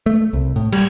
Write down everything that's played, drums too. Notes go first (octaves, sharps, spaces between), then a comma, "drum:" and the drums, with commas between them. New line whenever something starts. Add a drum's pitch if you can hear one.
A3
C2
A2
G3, drum: cymbal